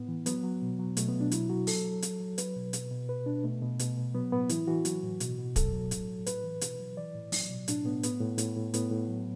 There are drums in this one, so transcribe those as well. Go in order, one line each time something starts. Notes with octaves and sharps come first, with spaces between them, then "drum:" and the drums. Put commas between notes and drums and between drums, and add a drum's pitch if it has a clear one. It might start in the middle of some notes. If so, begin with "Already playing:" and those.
Already playing: A2 B3
E3
F#3 B3, drum: hi-hat
F#3
B2
F#3
B2 A3, drum: hi-hat
B3
B2
D4
F#3 E4, drum: hi-hat
F#3 F#4
F#3 A4, drum: open hi-hat
F#3
F#3, drum: hi-hat
F#3
F#3 B4, drum: hi-hat
B2
B2, drum: hi-hat
B2
B2 B4
B2 D4
B2 A3
B2
B2, drum: hi-hat
B2
F#3 B3
A2 B3
E3 E4, drum: hi-hat
E3 F#4
F#3, drum: hi-hat
A2
B2, drum: hi-hat
B2
F#3 A4, drum: kick, hi-hat
F#3
A2, drum: hi-hat
F#3
A2 B4, drum: hi-hat
E3
B2, drum: hi-hat
F#3
E3 D5
A2
F#3, drum: open hi-hat
B2
A2 D4, drum: hi-hat
A2 B3
A2 B3, drum: hi-hat
A2
A2, drum: hi-hat
A2
A2 B3, drum: hi-hat
A2
F#3